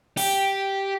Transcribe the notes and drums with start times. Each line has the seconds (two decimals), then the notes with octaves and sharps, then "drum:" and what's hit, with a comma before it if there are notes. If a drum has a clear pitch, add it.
0.17 G4, drum: open hi-hat